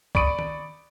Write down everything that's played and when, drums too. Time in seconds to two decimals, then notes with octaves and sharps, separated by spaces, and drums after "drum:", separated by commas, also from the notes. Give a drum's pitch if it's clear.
0.15 D5 B5 C#6 D#6 D7, drum: kick
0.39 drum: tom D#3